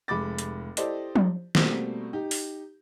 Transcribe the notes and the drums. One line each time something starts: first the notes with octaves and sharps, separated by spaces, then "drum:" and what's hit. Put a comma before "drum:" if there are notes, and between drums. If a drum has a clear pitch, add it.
F1 G#3 B5 D6 A6
drum: hi-hat
E4 G4 A4 C5 D5 D#5, drum: hi-hat
drum: tom F3
B2 G3 A3 A#3 C4, drum: snare
D#4 G4
drum: open hi-hat